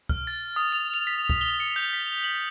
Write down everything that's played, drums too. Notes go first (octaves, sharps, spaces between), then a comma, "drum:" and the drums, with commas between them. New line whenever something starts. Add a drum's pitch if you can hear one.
F6, drum: kick C2
A6
D#6
F7
F7
B6
drum: kick C2
G7
C#7
G6
B6
F#7